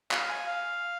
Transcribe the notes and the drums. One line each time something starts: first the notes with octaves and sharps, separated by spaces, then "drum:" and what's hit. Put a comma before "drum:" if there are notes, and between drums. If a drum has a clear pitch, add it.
F5, drum: clap
G#5
F5